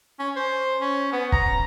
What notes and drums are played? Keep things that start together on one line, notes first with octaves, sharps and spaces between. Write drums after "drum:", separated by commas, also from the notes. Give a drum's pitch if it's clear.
C#4
C5
C#4
B3
A#5, drum: kick